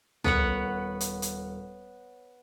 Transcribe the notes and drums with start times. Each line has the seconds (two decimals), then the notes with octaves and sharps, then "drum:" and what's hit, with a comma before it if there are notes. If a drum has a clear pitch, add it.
0.24 D#1 B3 A4 A#4 C#5 F#5, drum: tom
1.00 drum: hi-hat
1.22 drum: hi-hat